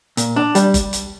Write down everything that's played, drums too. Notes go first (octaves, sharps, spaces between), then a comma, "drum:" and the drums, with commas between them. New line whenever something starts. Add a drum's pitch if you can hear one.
A#2, drum: hi-hat
D4
G3, drum: hi-hat
drum: kick F#1, hi-hat
drum: hi-hat